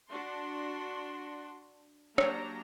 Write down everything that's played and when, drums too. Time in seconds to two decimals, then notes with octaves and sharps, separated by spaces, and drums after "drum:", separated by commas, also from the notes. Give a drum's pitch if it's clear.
0.10 D4 F#4 C6
2.18 F#3 A#3 D4 G4 A#5, drum: rim click